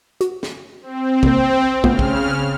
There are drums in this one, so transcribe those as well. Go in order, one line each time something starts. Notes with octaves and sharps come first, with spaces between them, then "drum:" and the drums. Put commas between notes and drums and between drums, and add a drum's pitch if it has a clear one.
F#4, drum: hi-hat
drum: snare
C4
C3 A#3, drum: kick
C#3 A3 B3 F4 F6, drum: kick
drum: kick